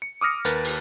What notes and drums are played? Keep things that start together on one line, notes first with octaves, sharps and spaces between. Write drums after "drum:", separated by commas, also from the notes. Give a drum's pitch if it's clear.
C#7
D6 D#6 F6 A#6 C#7
D#2 A#4 B4 A6, drum: hi-hat
drum: open hi-hat